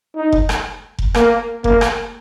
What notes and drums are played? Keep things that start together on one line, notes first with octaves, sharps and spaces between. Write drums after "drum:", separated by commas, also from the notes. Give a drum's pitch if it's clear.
D#4
drum: kick F1
drum: rim click
drum: kick F1
A#3, drum: rim click
A#3, drum: kick F1
drum: rim click